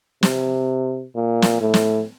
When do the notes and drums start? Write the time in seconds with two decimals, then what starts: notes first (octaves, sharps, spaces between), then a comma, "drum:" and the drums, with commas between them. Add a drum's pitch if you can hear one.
0.23 C3, drum: snare
1.15 A#2
1.42 drum: snare
1.61 A2
1.74 drum: snare